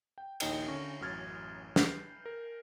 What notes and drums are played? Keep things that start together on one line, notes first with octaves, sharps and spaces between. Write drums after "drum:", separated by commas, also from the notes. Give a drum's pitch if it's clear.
G5
A#1 D#2 D#4 D#5 G5 C#7, drum: cymbal
D3 C#4 C#6 A#6
A1 F#2 F#4 F6 G#6 A6
B4 G6 C7, drum: snare
A#4